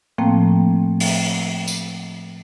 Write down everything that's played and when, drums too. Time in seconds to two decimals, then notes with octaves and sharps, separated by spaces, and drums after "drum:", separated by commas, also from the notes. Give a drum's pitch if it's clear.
0.18 A2 F3 A3 A#3 C4 G5
1.00 drum: open hi-hat
1.67 drum: tambourine